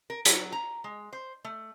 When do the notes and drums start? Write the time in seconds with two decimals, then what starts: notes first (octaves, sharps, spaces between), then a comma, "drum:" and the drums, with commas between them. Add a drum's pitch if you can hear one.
0.10 A#4
0.25 F#3, drum: hi-hat
0.52 A#5
0.84 G#3
1.13 C5
1.45 A3